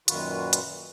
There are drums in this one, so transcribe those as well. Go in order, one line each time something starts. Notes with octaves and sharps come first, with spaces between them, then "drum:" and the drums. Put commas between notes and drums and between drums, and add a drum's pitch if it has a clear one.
F#2 A#2 D#3 F4 F#4 B4, drum: hi-hat
drum: hi-hat